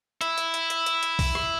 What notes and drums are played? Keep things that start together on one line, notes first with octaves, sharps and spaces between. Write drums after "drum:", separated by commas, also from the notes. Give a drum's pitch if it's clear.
E4, drum: hi-hat
drum: hi-hat
drum: hi-hat
drum: hi-hat
drum: hi-hat
drum: hi-hat
drum: kick B1, open hi-hat
drum: rim click